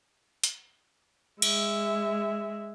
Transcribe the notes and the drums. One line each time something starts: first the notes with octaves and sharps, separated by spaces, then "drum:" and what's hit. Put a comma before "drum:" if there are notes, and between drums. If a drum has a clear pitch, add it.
drum: hi-hat
G#3 E5, drum: cymbal